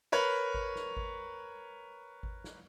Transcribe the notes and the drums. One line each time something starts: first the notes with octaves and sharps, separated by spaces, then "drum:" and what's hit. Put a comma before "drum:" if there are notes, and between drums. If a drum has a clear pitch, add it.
A#4 B4 C#5 B5
drum: kick G#1
drum: snare
drum: kick G#1
drum: kick G#1
drum: snare